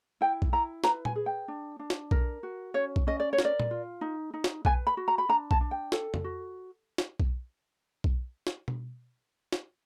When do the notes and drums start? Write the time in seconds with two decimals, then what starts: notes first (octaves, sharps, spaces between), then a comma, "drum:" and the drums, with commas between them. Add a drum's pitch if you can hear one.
0.21 E4 G5
0.42 drum: kick B1
0.52 E4 A#5
0.84 B4 A#5, drum: snare
1.05 G#5, drum: tom A#2
1.16 G#4
1.26 G5
1.48 D4
1.79 D4
1.90 drum: snare
2.11 A#4, drum: kick B1
2.43 F#4
2.74 C#4 C#5
2.96 drum: kick B1
3.07 C#4 D#5
3.20 D5
3.33 C#5
3.38 A#4, drum: snare
3.45 D5
3.60 drum: tom A#2
3.71 F4
4.01 D#4
4.34 D#4
4.44 drum: snare
4.65 B4 G#5, drum: kick B1
4.87 B5
4.97 F#4
5.08 A#5
5.18 B5
5.29 D4 A#5
5.51 A5, drum: kick B1
5.61 D4
5.71 G5
5.92 A4, drum: snare
6.14 drum: tom F2
6.24 F#4
6.98 drum: snare
7.20 drum: kick B1
8.04 drum: kick B1
8.47 drum: snare
8.68 drum: tom B2
9.52 drum: snare